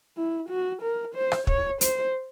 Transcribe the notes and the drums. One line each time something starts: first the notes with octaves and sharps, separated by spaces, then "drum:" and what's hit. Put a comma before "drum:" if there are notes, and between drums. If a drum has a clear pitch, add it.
E4
F#4
A#4
C5
drum: rim click
C#5, drum: kick
C5, drum: hi-hat